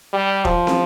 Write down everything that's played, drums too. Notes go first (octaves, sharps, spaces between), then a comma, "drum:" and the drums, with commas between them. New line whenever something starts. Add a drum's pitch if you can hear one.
G3
F3, drum: kick E1
drum: snare